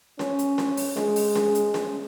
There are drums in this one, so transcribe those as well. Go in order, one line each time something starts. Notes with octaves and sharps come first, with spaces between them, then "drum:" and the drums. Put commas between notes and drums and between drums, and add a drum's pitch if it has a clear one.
C#4, drum: snare C#4
drum: hi-hat
drum: snare C#4
drum: open hi-hat
G#3, drum: snare C#4
drum: open hi-hat
drum: snare C#4
drum: hi-hat
drum: snare C#4